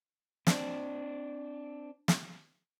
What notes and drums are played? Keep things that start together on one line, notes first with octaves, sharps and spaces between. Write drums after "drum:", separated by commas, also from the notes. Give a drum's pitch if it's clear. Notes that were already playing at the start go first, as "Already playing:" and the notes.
C4 D4, drum: snare
drum: snare